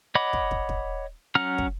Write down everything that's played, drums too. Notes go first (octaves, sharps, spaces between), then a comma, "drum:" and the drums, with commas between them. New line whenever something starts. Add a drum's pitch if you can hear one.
C#5 D#5 F#5 B5 D6
drum: kick
drum: kick
drum: kick
F#3 C#4 F#5 A#5 F6
drum: kick